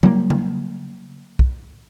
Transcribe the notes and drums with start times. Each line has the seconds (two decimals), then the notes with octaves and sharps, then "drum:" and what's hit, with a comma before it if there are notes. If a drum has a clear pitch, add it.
0.03 F#3 G3 A#3, drum: tom C#3
0.30 drum: tom C#3
1.39 drum: kick